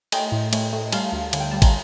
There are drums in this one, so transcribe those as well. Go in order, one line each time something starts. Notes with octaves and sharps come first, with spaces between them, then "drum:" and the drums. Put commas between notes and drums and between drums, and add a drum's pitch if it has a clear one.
A3 D#5 G5, drum: cymbal
A2
A3, drum: cymbal
A3
G3 F5 A5, drum: cymbal
D2
D3, drum: cymbal
G5
G3 A5
A#5, drum: kick, cymbal